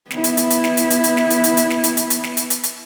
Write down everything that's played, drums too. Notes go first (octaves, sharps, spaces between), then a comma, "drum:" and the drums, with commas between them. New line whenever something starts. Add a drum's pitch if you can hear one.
B3 E4, drum: snare
drum: hi-hat
drum: hi-hat
drum: hi-hat
drum: snare
drum: hi-hat
drum: hi-hat
drum: hi-hat
drum: snare
drum: hi-hat
drum: hi-hat
drum: hi-hat
drum: snare
drum: hi-hat
drum: hi-hat
drum: hi-hat
drum: snare
drum: hi-hat
drum: hi-hat
drum: hi-hat